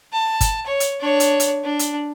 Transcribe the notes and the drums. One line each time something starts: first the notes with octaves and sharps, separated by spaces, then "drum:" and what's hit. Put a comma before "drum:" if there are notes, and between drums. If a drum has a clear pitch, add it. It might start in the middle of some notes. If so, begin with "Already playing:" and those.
A5
drum: kick G1, hi-hat
C#5
drum: hi-hat
D4 C#5
drum: hi-hat
drum: hi-hat
D4
drum: hi-hat